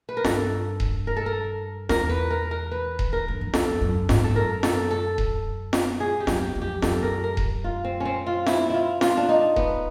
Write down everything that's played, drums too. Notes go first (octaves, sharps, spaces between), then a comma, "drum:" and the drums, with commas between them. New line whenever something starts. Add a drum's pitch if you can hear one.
B4
A#4
G2 A4, drum: snare F4
drum: kick D#1
A#4
A4
A#4
E2 A#4, drum: snare F4
B4
A#4
A#4
B4
drum: kick D#1
A#4
G2
F#2
F2 A4, drum: snare F4
F#2
G#2, drum: snare F4
A4
F#2 A#4
A4, drum: snare F4
A4
drum: kick D#1
drum: snare F4
G#4
G4
F#2, drum: snare F4
G4
F2
G4
F#2 A4, drum: snare F4
A#4
A#4
drum: kick D#1
F4
C4
C4 C#4
F4
E4, drum: snare F4
E4 F4
F4, drum: snare F4
D4
D#4
B3, drum: kick D#1